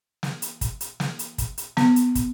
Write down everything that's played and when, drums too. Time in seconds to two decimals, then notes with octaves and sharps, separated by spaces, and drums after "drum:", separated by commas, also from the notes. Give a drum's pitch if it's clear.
0.23 drum: snare
0.42 drum: hi-hat
0.61 drum: kick, hi-hat
0.81 drum: hi-hat
1.00 drum: snare
1.19 drum: hi-hat
1.38 drum: kick, hi-hat
1.58 drum: hi-hat
1.77 B3, drum: snare
1.96 drum: hi-hat
2.15 drum: kick, hi-hat